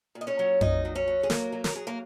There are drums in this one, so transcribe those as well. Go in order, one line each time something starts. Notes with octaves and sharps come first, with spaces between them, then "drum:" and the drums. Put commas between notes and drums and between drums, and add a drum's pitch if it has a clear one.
A#2
D#5
C#4 C#5
F#3
A#2 D#4 D#5, drum: tom F2
F#3
C#4 C#5
F#3
G#4
F#3 A#3 A#4, drum: snare
F#3
A#4, drum: snare
F#3 G#4
A#3 A#4